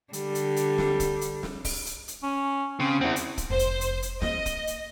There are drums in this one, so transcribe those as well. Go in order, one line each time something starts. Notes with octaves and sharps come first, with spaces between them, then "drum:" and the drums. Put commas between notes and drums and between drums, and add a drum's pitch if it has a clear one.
D3 G3, drum: hi-hat
drum: hi-hat
drum: hi-hat
drum: snare
drum: kick, hi-hat
drum: hi-hat
drum: snare
drum: kick, open hi-hat
drum: hi-hat
drum: hi-hat
C#4
C#3 C4
E2 C4 E4
drum: hi-hat
drum: kick, hi-hat
F1 C5
drum: hi-hat
drum: hi-hat
drum: hi-hat
A#3 D#5, drum: snare
drum: kick, hi-hat
drum: hi-hat